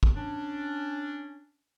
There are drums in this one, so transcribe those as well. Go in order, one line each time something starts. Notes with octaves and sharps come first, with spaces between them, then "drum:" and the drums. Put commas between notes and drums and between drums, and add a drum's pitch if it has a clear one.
drum: kick
C#4 D4